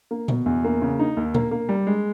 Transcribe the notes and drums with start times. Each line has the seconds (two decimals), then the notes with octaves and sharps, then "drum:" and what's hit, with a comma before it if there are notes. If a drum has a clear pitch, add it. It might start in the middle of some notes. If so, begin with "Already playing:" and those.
0.11 A#3
0.28 B2, drum: tom A#2
0.46 E2
0.64 A#3
0.82 C#3
0.99 D#4
1.17 D#2
1.34 A#3, drum: tom A#2
1.51 A#3
1.69 G3
1.87 G#3